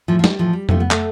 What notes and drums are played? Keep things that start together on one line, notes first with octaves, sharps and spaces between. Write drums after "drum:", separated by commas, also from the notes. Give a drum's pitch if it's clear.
A2 E3 F3
F3
G3, drum: snare
A2 E3 F3
G3
C3 F3 A3, drum: tom F2
B3
A3, drum: clap